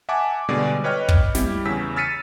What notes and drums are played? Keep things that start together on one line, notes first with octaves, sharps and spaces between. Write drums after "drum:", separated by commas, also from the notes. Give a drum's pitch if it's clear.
E5 F#5 G#5 A5 D6
B2 D3 G3 G#3 G#4 D5
B4 C#5 D#5 G5 F6
drum: kick
G3 E4 G4, drum: snare
E2 C#3 E6 B6
E6 F6 A6 B6 C#7 D#7